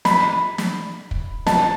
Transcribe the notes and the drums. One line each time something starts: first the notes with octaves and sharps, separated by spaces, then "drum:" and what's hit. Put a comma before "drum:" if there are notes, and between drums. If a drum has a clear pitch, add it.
B5, drum: snare
drum: snare
drum: kick
A5, drum: snare